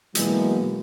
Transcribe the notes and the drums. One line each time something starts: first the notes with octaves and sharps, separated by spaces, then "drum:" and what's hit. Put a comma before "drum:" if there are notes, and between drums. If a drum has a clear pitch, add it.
B2 E3 F#3 G#3 A#3 B3, drum: hi-hat